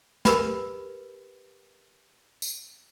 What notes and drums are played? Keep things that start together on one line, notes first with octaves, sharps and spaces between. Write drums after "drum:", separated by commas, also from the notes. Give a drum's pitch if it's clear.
G4 A#4 B4 B5, drum: snare
drum: tambourine